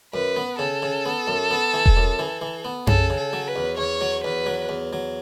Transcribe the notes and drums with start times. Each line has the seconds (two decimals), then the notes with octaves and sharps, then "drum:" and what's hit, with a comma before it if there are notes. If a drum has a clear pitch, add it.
0.14 F#2 B4
0.36 B3
0.59 C#3 A4
0.82 C#3
1.05 B3
1.28 F#2
1.51 B3
1.74 E3
1.86 drum: kick E1
1.97 F#2
2.19 E3
2.41 E3
2.65 B3
2.87 C#3 A4, drum: tom F#2
3.10 C#3
3.17 A4
3.33 F#3
3.47 B4
3.56 E2
3.78 E2 C#5
4.01 F#3
4.24 E2 B4
4.46 F#3
4.69 E2
4.93 F#3